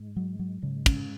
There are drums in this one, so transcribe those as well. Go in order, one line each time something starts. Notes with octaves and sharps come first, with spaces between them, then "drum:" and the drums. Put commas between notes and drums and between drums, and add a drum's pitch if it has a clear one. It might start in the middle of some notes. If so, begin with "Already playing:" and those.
Already playing: G#2 G#3
F#3
F#3
G#2 C#3 G#3
C#4, drum: kick, cymbal